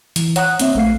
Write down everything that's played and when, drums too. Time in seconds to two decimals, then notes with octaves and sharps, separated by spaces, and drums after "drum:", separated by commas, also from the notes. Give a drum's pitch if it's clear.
0.16 E3, drum: hi-hat
0.36 C#5 F#5 A#5 C#6 D#6 F#6, drum: hi-hat
0.59 A#3 C4 E5, drum: hi-hat
0.75 A#1 A3 F5 C7